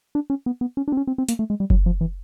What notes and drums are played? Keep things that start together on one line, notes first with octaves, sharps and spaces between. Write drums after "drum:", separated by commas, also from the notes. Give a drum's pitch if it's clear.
D4
C#4
B3
B3
C#4
D4
C4
C#4
C4
C4
A#3, drum: hi-hat
A3
G#3
G3
F#3, drum: kick F#1
F3
E3